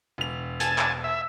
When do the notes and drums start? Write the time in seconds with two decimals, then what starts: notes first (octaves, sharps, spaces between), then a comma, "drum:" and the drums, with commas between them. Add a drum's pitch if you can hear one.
0.18 E1 F7
0.60 G#5 A5, drum: hi-hat
0.78 drum: clap
1.04 E5